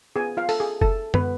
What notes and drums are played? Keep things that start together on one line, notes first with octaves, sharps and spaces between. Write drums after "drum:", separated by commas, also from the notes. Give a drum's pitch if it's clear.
B3 F4 G#4 G#5
F4 F5
A4, drum: open hi-hat
G#4
A4, drum: kick F#1
B3 B4, drum: tom F#2